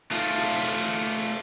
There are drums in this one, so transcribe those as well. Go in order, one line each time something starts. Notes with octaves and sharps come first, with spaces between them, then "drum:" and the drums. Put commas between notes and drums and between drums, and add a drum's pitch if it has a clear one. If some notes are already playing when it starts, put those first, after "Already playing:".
A3 F4, drum: hi-hat
drum: open hi-hat
drum: hi-hat
drum: hi-hat
drum: hi-hat
drum: open hi-hat